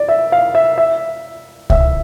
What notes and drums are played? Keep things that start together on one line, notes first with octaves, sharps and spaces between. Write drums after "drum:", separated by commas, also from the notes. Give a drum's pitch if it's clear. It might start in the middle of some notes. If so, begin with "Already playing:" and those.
Already playing: D5
E5
F5
E5
E5
E5, drum: kick C2